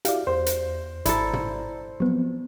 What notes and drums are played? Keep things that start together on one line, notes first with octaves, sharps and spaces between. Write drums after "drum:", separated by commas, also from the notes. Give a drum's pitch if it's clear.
E4 F#4 G4 D5 E5 F5, drum: hi-hat
E2 C5
drum: hi-hat
G#1 E4 A4 D5 A#5, drum: hi-hat
drum: tom
F3 F#3 B3 C4